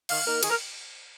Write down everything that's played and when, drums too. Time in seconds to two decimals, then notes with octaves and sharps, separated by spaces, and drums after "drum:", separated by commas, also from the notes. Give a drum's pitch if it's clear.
0.09 D#3 F5, drum: cymbal
0.26 A#3 D#4 A#4
0.43 D#3 G#4, drum: cymbal
0.50 A#4